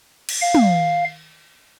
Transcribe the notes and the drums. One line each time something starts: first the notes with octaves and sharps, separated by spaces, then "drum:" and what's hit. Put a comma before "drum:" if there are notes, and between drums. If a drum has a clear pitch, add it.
drum: cymbal
F5
drum: tom